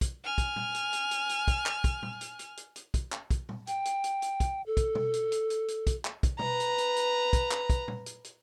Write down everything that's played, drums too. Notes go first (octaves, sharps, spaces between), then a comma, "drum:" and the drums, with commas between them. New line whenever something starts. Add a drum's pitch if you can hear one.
drum: kick, hi-hat
G#5 F6
drum: kick, hi-hat
drum: tom A#2
drum: hi-hat
drum: hi-hat
drum: hi-hat
drum: hi-hat
drum: kick, hi-hat
drum: clap
drum: kick, hi-hat
drum: tom A#2
drum: hi-hat
drum: hi-hat
drum: hi-hat
drum: hi-hat
drum: kick, hi-hat
drum: clap
drum: kick, hi-hat
drum: tom A#2
G5, drum: hi-hat
drum: hi-hat
drum: hi-hat
drum: hi-hat
drum: kick, hi-hat
A4
drum: kick, hi-hat
drum: tom
drum: hi-hat
drum: hi-hat
drum: hi-hat
drum: hi-hat
drum: kick, hi-hat
drum: clap
drum: kick, hi-hat
B4 A#5, drum: tom
drum: hi-hat
drum: hi-hat
drum: hi-hat
drum: kick, hi-hat
drum: clap
drum: kick, hi-hat
drum: tom A#2
drum: hi-hat
drum: hi-hat